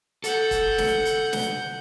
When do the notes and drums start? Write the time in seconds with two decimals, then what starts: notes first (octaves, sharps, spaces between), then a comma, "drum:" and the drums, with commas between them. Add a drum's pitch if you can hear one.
0.24 A4 F#5 G6, drum: hi-hat
0.51 drum: kick, hi-hat
0.78 drum: snare
1.05 drum: hi-hat
1.33 drum: snare